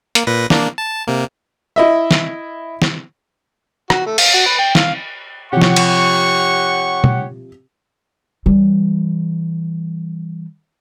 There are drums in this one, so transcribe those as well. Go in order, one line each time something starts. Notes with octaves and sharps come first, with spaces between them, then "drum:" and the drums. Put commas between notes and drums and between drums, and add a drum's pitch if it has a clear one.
A#3, drum: hi-hat
A#2 B4 A#6
A#3 D4, drum: snare
A5
C3 A#3
E4 D#5 E5
drum: snare
drum: snare
F#4, drum: rim click
A3
F5, drum: cymbal
F#4
B4
G5
F5, drum: snare
C3 F3 G4 C#5 F#5 C#6
drum: snare
drum: cymbal
drum: tom
E3 G3